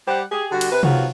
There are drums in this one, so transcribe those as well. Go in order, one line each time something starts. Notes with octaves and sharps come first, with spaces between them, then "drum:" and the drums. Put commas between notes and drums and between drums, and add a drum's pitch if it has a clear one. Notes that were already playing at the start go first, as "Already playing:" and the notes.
G3 G4 C5 F#5
G4 G#4
D3 G3 F#4
drum: cymbal
C3 B4
D#3 F3 F#3 B3 F4, drum: tom C3